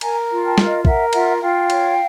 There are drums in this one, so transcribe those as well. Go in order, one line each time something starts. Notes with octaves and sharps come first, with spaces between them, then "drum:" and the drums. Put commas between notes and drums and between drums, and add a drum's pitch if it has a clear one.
A#4 G#5 A#5, drum: cymbal
F4
G5 A5
A#4, drum: snare
D#5 F5
A#4 E5 F#5, drum: kick A#1
F4 E5 F#5, drum: cymbal
F4 F5 G5
C#5, drum: cymbal